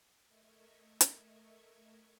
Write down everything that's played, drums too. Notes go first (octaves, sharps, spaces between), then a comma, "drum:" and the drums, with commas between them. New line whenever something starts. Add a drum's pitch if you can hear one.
A3 A#4 D#5 E5 C#6 G#6
drum: hi-hat